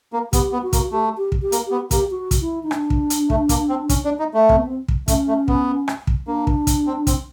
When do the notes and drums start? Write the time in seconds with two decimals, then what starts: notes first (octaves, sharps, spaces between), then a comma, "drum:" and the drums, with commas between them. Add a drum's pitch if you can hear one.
0.13 A#3
0.33 B3 G4, drum: kick, hi-hat
0.52 B3
0.63 F#4
0.73 A#3, drum: kick, hi-hat
0.92 A3 G4
1.17 G4
1.32 drum: kick
1.42 G4
1.52 A#3, drum: hi-hat
1.67 B3 G4
1.91 A#3 G4, drum: kick, hi-hat
2.11 F#4
2.31 drum: kick, hi-hat
2.41 E4
2.63 D#4
2.71 D4, drum: rim click
2.90 drum: kick
3.10 drum: hi-hat
3.30 A3, drum: kick
3.49 A#3, drum: kick, hi-hat
3.69 C4
3.89 C#4, drum: kick, hi-hat
4.05 D4
4.19 D#4
4.34 A3
4.49 C4, drum: kick
4.58 B3
4.67 C4
4.88 drum: kick
5.08 A3 C#4, drum: kick, hi-hat
5.28 A3
5.48 B3, drum: kick
5.88 drum: rim click
6.07 drum: kick
6.27 A#3 D4
6.47 drum: kick
6.67 drum: kick, hi-hat
6.87 C4
7.07 C4, drum: kick, hi-hat